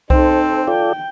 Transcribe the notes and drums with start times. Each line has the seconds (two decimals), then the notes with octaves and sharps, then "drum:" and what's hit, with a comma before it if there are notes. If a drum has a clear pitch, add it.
0.10 C4 D#4 A4 C5, drum: kick C2
0.67 F4 A4 D5 G5